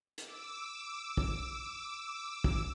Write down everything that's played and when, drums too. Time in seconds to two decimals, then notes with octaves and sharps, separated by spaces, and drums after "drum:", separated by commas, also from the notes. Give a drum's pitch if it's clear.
0.18 D6 E6, drum: hi-hat
1.17 drum: kick
2.44 drum: kick